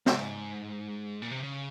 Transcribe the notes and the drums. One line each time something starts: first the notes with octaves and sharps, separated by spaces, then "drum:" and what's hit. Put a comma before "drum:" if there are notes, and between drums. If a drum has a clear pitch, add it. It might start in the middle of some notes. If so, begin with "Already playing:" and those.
G#2, drum: snare
A#2
C3
C#3